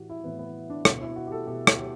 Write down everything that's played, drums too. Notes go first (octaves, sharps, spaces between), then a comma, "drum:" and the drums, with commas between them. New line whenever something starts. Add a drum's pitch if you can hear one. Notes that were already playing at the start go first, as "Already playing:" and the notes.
Already playing: A2 E3 F#4 G4
E4
A2 E3 B3
B3
D4
B2 F#4, drum: rim click
E4
F#4
G4
A4
B2 G4
drum: rim click
G4